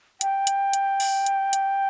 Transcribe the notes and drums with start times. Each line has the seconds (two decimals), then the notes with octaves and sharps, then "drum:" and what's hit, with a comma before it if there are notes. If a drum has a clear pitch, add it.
0.21 G5, drum: hi-hat
0.47 drum: hi-hat
0.73 drum: hi-hat
1.00 drum: open hi-hat
1.26 drum: hi-hat
1.53 drum: hi-hat